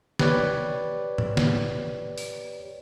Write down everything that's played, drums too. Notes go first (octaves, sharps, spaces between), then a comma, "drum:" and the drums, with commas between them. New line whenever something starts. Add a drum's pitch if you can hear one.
G4 B4 C#5 D5, drum: snare
drum: tom A2
drum: snare
drum: open hi-hat